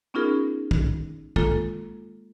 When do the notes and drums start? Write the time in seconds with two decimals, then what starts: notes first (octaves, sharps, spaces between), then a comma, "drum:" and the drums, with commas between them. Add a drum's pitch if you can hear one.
0.14 B3 C#4 D#4 F4 G#4 A#4
0.71 drum: kick
1.36 G#3 A#3 F4 A4, drum: kick